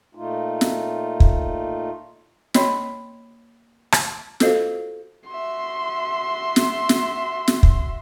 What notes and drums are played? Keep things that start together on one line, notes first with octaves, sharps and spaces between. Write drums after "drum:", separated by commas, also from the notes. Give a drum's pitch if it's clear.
A#2 A3 D#4 F4
drum: snare
drum: kick
A#3 C#5 D#5 B5 C6, drum: snare
drum: rim click
F4 F#4 A4 C5 D#5 F5, drum: snare
F#4 E5 C6
drum: snare
drum: snare
drum: snare
drum: kick